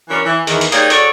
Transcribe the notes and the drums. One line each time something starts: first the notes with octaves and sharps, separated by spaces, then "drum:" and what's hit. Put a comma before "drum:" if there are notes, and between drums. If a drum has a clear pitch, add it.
E3 F#3 C#4 D4 A#4 D5
E3
E2 D#3 E3, drum: hi-hat
drum: hi-hat
A#3 D#4 G4 G#4 C#5 D5, drum: hi-hat
F#4 G#4 A4 C#5 D5, drum: hi-hat